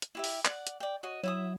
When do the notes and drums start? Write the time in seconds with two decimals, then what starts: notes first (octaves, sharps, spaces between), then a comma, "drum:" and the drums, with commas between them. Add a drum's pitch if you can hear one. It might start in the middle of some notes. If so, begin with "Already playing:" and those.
0.02 drum: hi-hat
0.15 E4 G4 E5
0.24 drum: open hi-hat
0.45 D5 F#5, drum: clap
0.67 drum: hi-hat
0.80 D5 G5
1.03 F#4 C#5 D#5
1.23 F#3 E4 E5 D#6